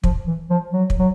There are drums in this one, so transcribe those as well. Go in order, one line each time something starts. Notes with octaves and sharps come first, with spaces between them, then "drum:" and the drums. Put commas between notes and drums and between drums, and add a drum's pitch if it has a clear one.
F3, drum: kick
E3
F3
F#3
drum: kick
F#3